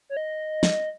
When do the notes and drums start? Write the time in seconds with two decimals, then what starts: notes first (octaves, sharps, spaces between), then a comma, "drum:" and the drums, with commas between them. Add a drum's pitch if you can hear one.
0.10 C#5
0.17 D#5
0.63 drum: snare